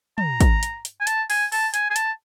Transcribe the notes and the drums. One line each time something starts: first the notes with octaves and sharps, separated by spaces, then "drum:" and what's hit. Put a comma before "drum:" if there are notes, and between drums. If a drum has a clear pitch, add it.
A#5, drum: tom
drum: kick, hi-hat
drum: hi-hat
drum: hi-hat
G#5
A5, drum: hi-hat
G#5, drum: open hi-hat
A5, drum: open hi-hat
G#5, drum: hi-hat
G#5
A5, drum: hi-hat